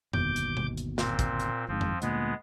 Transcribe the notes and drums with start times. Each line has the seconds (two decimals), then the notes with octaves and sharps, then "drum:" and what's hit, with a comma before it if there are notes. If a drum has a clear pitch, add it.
0.13 G1 D#2 B2 D6 G6, drum: tom F2
0.36 drum: hi-hat
0.57 drum: tom B2
0.77 drum: hi-hat
0.98 A#2 C4, drum: snare
1.19 drum: kick, hi-hat
1.40 drum: hi-hat
1.68 G1 G#2 F3 C4
1.81 drum: tom F2
2.02 D2 A#2 G#3 B3, drum: hi-hat